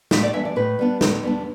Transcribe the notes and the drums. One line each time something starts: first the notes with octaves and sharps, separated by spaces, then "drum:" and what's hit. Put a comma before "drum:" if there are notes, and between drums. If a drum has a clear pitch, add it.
A2 E5, drum: snare
D5
E3 G3 B3 D4 E5
D5
A2 B4
G3 B3 D4
A2, drum: snare
G3 B3 D4